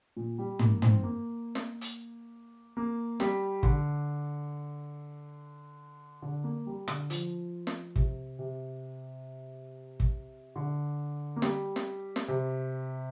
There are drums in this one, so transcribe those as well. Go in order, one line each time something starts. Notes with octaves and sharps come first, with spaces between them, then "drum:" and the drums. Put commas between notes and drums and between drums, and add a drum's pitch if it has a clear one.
A#2
G3
A#3, drum: tom
C4, drum: tom
A#3
drum: snare
drum: hi-hat
A#3
G3, drum: snare
D3, drum: kick
D3
A#3
G3
D3, drum: rim click
F3, drum: hi-hat
drum: snare
C3, drum: kick
C3
drum: kick
D3
A#3
G3, drum: snare
drum: snare
drum: snare
C3